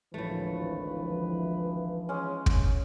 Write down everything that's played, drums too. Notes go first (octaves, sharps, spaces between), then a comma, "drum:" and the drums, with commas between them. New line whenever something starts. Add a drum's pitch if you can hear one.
G#1 D2 A2 E3 F3 A3 B4
G#3 C#4
drum: kick